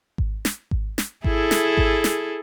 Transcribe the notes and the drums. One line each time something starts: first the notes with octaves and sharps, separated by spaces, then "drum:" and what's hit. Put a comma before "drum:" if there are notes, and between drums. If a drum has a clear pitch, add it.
drum: kick G#1
drum: snare
drum: kick G#1
drum: snare
E4 G#4 A4, drum: kick G#1
drum: snare
drum: kick G#1
drum: snare